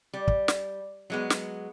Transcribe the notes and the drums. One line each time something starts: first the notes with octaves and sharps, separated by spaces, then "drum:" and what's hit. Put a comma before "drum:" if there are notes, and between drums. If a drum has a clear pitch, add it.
G3
drum: kick
drum: snare
F#3 G#3 B3
drum: snare